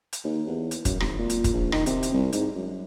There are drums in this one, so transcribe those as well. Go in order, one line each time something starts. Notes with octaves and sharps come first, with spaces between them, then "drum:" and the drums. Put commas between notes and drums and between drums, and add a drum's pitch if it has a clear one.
drum: hi-hat
D#2
E2
drum: hi-hat
F#2, drum: kick, hi-hat
G#1, drum: rim click
A#2
drum: hi-hat
drum: kick, hi-hat
A#1
D#3, drum: rim click
C3, drum: hi-hat
drum: hi-hat
C2
G#2, drum: hi-hat
F#2